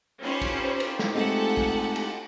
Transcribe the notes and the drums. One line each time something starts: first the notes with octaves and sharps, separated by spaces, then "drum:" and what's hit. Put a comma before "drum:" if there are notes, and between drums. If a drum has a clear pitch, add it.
C#4 D#4 F4 G4 B4 C5
drum: kick, cymbal
drum: cymbal
drum: snare
G#3 A3 C4 A4 F#5 G#5
drum: kick
drum: cymbal